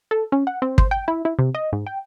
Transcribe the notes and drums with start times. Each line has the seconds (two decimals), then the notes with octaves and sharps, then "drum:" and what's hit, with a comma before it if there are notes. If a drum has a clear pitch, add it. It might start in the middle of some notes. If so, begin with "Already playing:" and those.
0.11 A4
0.32 C#4
0.47 F#5
0.62 C4
0.78 C5, drum: kick
0.91 G5
1.08 E4
1.25 E4
1.39 C3
1.55 D#5
1.73 G#2
1.86 G5